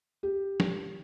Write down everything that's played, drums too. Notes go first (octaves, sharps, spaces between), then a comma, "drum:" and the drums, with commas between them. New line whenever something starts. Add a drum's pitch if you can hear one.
G4
drum: snare